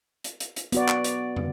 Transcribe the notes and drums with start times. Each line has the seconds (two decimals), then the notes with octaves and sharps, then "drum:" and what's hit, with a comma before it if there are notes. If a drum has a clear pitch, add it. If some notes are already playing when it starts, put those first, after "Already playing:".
0.24 drum: hi-hat
0.40 drum: hi-hat
0.56 drum: hi-hat
0.72 B3 F#4 D5, drum: hi-hat
0.88 drum: clap
1.04 drum: hi-hat
1.36 drum: tom